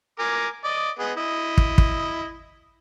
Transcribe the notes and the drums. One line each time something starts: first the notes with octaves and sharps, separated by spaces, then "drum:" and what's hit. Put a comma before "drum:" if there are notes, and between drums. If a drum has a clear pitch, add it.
A#4 G#5 D6
D5 D#5
B3 G#4 D#5
E4 D#5
drum: kick
drum: kick